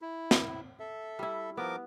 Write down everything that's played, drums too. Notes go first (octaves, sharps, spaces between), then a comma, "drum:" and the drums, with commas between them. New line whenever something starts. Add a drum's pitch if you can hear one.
E4
drum: snare
A4 E5
G3 E4
F3 B3 A#4 D6